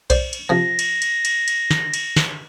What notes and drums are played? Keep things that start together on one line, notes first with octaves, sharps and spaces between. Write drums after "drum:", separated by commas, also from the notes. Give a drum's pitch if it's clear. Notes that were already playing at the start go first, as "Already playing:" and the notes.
C5 D5, drum: kick B1, cymbal
drum: cymbal
C3 F3 A#6
drum: cymbal
drum: cymbal
drum: cymbal
drum: cymbal
drum: snare
drum: cymbal
drum: snare